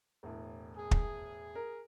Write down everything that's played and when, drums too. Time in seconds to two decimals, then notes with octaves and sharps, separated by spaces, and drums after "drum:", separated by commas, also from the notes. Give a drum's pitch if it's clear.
0.23 E1 A2
0.77 G#4
0.91 drum: kick
1.55 A#4